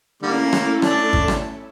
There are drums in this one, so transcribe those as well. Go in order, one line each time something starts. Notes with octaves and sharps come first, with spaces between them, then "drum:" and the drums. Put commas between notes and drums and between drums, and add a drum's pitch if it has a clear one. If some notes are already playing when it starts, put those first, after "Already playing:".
D3 G3 A3 A#3 C#4 E4 A4
drum: rim click
D4, drum: rim click
drum: kick G#1
drum: rim click